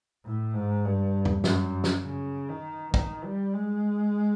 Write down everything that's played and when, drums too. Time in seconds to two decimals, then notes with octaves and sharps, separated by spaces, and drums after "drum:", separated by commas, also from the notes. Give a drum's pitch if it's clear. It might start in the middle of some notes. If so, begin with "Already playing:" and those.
0.25 A2
0.54 G#2
0.85 G2
1.25 drum: tom E2
1.44 F#2, drum: snare
1.84 drum: snare
2.04 C#3
2.49 D#3
2.94 D#3, drum: kick
3.24 G3
3.53 G#3